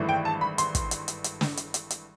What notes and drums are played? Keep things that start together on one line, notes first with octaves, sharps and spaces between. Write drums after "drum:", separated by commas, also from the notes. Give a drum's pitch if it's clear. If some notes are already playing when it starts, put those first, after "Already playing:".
Already playing: G#1 G2 E3 A3
G5
A5
B5
C6, drum: hi-hat
drum: kick, hi-hat
drum: hi-hat
drum: hi-hat
drum: hi-hat
drum: snare
drum: hi-hat
drum: hi-hat
drum: hi-hat